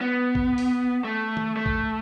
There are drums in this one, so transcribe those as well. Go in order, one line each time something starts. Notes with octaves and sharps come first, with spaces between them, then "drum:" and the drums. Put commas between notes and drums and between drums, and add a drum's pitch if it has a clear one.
B3
drum: kick
drum: open hi-hat
A3
drum: tom D#3
A3
drum: kick